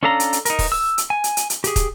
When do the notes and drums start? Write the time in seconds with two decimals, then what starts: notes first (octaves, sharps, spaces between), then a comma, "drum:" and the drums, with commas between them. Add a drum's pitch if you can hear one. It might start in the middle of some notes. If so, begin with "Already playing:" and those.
0.03 C#4 D4 A4 F5 A#5
0.20 drum: hi-hat
0.33 drum: hi-hat
0.45 D#4 A#4, drum: hi-hat
0.59 drum: kick, open hi-hat
0.72 E6
0.98 drum: hi-hat
1.10 G#5
1.24 drum: hi-hat
1.37 drum: hi-hat
1.50 drum: hi-hat
1.64 G4 G#4, drum: hi-hat
1.76 drum: kick, hi-hat